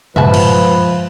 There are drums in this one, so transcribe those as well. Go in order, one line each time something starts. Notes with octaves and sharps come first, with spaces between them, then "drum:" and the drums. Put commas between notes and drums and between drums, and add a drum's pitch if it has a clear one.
G2 F3 G3 G#3 B4 E5 F#5 A5, drum: tom
drum: cymbal